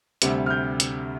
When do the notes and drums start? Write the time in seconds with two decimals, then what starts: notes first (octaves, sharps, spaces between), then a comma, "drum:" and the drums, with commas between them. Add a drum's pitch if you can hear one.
0.22 D2 C3 G3 C4, drum: hi-hat
0.46 F6
0.50 G6
0.80 drum: hi-hat